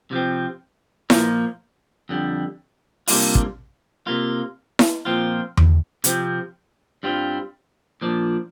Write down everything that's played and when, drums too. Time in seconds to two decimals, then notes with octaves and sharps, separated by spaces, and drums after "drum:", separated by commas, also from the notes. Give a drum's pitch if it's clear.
0.11 C3 F3 C4
1.10 A#2 F3 A#3, drum: snare E4
2.09 F2 D3 G3
3.08 C3 G3 A#3 D4 F4, drum: open hi-hat
3.35 drum: kick
4.07 C3 A#3 F4
4.79 drum: snare E4
5.05 A#2 F3 C4 F4
5.57 drum: tom E2
6.04 C3 F3 C4, drum: hi-hat
7.03 G2 G3 C4 F4
8.02 A#2 F3 D4